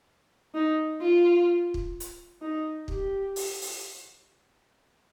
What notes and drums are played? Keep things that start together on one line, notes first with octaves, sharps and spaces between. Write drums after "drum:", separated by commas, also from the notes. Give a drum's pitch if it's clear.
D#4
F4
drum: kick
drum: hi-hat
D#4
G4, drum: kick
drum: open hi-hat
drum: open hi-hat